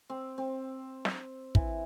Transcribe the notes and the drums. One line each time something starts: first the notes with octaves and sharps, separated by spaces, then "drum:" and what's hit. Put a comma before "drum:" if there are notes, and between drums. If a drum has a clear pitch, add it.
C4
C4
drum: snare
E3, drum: kick